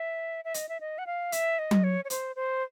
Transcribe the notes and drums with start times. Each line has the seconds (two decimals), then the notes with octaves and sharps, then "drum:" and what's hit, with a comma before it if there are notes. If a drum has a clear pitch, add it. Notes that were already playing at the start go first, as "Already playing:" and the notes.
Already playing: E5
0.45 E5
0.54 D#5, drum: hi-hat
0.69 E5
0.80 D#5
0.98 F#5
1.06 F5
1.32 E5, drum: hi-hat
1.59 D#5
1.71 drum: tom F#3
1.84 C#5
2.05 C#5
2.10 C5, drum: hi-hat
2.36 C5